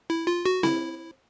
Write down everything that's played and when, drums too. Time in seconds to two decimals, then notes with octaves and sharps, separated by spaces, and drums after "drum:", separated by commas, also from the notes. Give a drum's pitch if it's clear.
0.10 E4
0.27 F4
0.46 F#4
0.63 E4, drum: snare C4